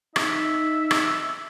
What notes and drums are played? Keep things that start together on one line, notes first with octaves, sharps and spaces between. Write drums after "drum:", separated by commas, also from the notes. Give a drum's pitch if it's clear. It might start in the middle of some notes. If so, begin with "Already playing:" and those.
D#4 E5, drum: rim click
drum: rim click